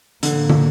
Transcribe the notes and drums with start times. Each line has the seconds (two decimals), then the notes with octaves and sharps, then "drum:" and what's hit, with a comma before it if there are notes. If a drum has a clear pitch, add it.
0.23 A2 D3 F3 A#3, drum: hi-hat
0.49 drum: tom